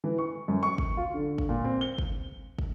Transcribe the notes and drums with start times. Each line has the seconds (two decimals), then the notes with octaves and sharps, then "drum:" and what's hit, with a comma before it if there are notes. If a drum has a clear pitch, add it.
0.04 E3
0.18 C#6
0.48 F#2
0.63 C#6
0.78 drum: kick
0.97 F4
1.14 D3
1.38 drum: kick
1.49 A#2
1.64 C4
1.81 G7
1.98 drum: kick
2.59 drum: kick